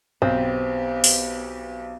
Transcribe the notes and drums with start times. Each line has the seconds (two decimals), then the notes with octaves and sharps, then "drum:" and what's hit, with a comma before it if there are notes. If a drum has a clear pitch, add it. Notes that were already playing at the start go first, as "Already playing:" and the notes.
0.22 B1 B3 C4 G4
1.04 drum: open hi-hat